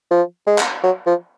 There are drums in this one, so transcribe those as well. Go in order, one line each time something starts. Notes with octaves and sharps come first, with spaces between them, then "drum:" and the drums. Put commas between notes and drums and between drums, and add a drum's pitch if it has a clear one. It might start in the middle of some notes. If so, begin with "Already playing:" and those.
F3
G#3
drum: clap
F#3
F3